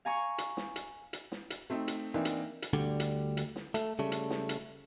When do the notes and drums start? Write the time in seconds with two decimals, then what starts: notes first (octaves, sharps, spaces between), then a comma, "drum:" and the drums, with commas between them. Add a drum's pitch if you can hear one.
0.05 F5 G#5 A#5 C#6
0.38 drum: hi-hat
0.57 drum: snare
0.76 drum: hi-hat
1.13 drum: hi-hat
1.32 drum: snare
1.50 drum: hi-hat
1.70 A3 C4 D#4
1.88 drum: hi-hat
2.14 E3 A#3 C4 D4 D#4
2.25 drum: hi-hat
2.62 drum: hi-hat
2.73 D2 D3 G3
3.00 drum: hi-hat
3.37 drum: hi-hat
3.56 drum: snare
3.74 A3, drum: hi-hat
3.99 C#3 G3 A3
4.12 drum: hi-hat
4.30 drum: snare
4.49 drum: hi-hat